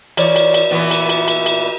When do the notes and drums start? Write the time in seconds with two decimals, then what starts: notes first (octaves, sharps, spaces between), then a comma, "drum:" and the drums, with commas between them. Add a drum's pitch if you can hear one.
0.17 E3 C#5 D5, drum: cymbal
0.36 drum: cymbal
0.54 drum: cymbal
0.71 A#2 E3 B3
0.91 drum: cymbal
1.09 drum: cymbal
1.28 drum: cymbal
1.46 drum: cymbal